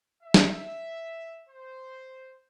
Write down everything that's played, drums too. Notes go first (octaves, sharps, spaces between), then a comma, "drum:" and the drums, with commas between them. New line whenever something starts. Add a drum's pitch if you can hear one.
E5
drum: snare
C5